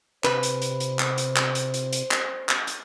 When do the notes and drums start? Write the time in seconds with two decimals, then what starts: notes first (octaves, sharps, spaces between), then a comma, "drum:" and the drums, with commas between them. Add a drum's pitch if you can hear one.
0.24 C3 B4 C5, drum: clap
0.43 drum: hi-hat
0.62 drum: hi-hat
0.80 drum: hi-hat
0.99 drum: clap
1.18 drum: hi-hat
1.36 drum: clap
1.55 drum: hi-hat
1.74 drum: hi-hat
1.93 drum: hi-hat
2.11 drum: clap
2.49 drum: clap
2.67 drum: hi-hat